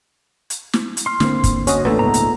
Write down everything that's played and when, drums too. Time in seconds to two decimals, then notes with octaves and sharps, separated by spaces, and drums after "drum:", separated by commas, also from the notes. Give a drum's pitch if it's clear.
0.50 drum: hi-hat
0.73 drum: snare
0.97 drum: hi-hat
1.06 C6 F6
1.20 D3 A#3 C4, drum: snare
1.44 drum: kick, hi-hat
1.67 C#4 F#4 D#5, drum: hi-hat
1.85 A1 A#2 D3 A3 B3
1.99 C#2 G#2 A#5
2.14 drum: hi-hat